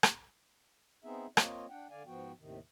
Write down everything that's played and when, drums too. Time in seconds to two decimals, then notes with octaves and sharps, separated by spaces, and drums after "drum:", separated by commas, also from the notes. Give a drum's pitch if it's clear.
0.03 drum: rim click
1.04 B3 C4 D#4 G#4 E5
1.37 A#3 C4 F4 C#5 D#5, drum: rim click
1.70 D4 F#5 G5
1.90 D3 D5 F5 G#5
2.06 G#2 F3 B3 F#4 G5
2.39 D#2 A2 C3 D#3